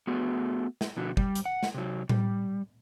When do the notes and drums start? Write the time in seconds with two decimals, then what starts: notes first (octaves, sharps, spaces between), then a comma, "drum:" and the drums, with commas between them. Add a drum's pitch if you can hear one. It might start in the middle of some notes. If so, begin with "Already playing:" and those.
0.07 A3 B3 F#4 G#4
0.81 drum: snare
0.97 B2 D3 F3 F#4
1.17 G3, drum: kick
1.35 drum: hi-hat
1.45 F#5
1.63 drum: snare
1.75 C3 F#3
2.09 G3, drum: tom A2